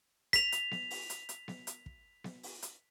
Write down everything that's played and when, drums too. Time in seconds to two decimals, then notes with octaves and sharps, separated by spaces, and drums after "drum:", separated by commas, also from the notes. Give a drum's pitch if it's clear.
0.33 B6 F7, drum: kick, hi-hat
0.52 drum: hi-hat
0.71 drum: snare B3
0.90 drum: open hi-hat
1.10 drum: hi-hat
1.29 drum: hi-hat
1.48 drum: snare B3
1.67 drum: hi-hat
1.86 drum: kick
2.24 drum: snare B3
2.43 drum: open hi-hat
2.62 drum: hi-hat